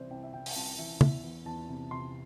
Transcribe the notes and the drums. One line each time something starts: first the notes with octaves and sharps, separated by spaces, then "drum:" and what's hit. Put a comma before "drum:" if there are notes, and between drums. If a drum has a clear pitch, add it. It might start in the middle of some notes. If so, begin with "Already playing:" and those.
Already playing: C2 C3 E3 E4 C5 D5
C2 G5
E5
C3 G5
drum: open hi-hat
C2 A5
E3 E5
E2 E5, drum: tom
E2
E2 A5
C3
C3 C6